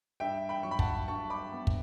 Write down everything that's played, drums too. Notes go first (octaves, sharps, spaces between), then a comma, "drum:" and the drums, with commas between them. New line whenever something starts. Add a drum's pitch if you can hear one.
G2 E5 G5
G5 B5
F#3 C#6
B5
F#5 A5, drum: kick
G2 A5 C#6
B5 D6
B3
drum: kick